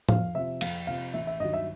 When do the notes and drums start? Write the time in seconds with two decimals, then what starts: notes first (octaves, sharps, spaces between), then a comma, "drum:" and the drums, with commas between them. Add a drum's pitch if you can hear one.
0.09 F2 F5, drum: tom A2
0.35 C3 F3 E5
0.61 F2 F5, drum: cymbal
0.87 C3 F3 F5
1.14 A1 E5
1.27 E5
1.40 G2 D#3 F#3 D#5
1.53 E5